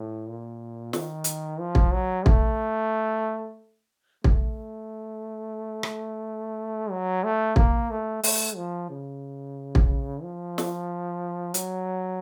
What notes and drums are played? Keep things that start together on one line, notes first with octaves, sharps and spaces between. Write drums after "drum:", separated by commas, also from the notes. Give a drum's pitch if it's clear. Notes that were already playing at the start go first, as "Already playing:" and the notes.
Already playing: A2
A#2
D#3, drum: snare
drum: hi-hat
F3
drum: kick
F#3
A3, drum: kick
A3, drum: kick
drum: rim click
F#3
A3
A#3, drum: kick
A3
A3, drum: open hi-hat
F3
C#3
drum: kick
F3
drum: snare
F#3, drum: hi-hat